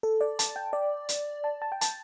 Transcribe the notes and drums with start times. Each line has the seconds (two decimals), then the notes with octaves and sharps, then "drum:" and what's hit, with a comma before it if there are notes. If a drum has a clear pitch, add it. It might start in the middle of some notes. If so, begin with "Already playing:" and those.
0.03 A4
0.21 D5
0.39 A5, drum: hi-hat
0.56 G5
0.73 D5
1.09 drum: hi-hat
1.44 A5
1.62 A5
1.72 G5
1.81 A5, drum: hi-hat